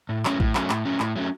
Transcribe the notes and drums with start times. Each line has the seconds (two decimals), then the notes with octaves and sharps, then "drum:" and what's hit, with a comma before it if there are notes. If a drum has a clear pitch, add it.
0.09 A2
0.25 F#3 A3 C#4, drum: clap
0.40 A2, drum: kick A1
0.55 F#3 A3 C#4, drum: clap
0.70 A2, drum: clap
0.85 F#3 A3 C#4
1.00 A2, drum: clap
1.16 F#3 A3 C#4